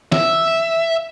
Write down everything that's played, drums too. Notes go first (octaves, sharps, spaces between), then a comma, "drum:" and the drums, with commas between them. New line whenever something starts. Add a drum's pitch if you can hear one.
E5, drum: snare